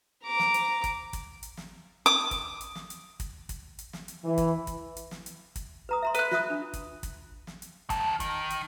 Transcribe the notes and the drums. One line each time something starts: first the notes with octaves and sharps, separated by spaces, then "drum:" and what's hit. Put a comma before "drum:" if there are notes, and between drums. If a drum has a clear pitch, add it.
A#5 D6
drum: snare
drum: hi-hat
drum: kick, hi-hat
drum: kick, hi-hat
drum: hi-hat
drum: snare
D6 D#6
drum: kick, hi-hat
drum: hi-hat
drum: snare
drum: hi-hat
drum: kick, hi-hat
drum: kick, hi-hat
drum: hi-hat
drum: snare
drum: hi-hat
E3
drum: kick, hi-hat
drum: kick, hi-hat
drum: hi-hat
drum: snare
drum: hi-hat
drum: kick, hi-hat
B4 A#5 D#6
E5 A#5 C6
B4 F#6, drum: hi-hat
F4 E5 D#6, drum: snare
D4
drum: kick, hi-hat
drum: kick, hi-hat
drum: snare
drum: hi-hat
D#3 A5, drum: kick, hi-hat
D#3, drum: kick, hi-hat
drum: hi-hat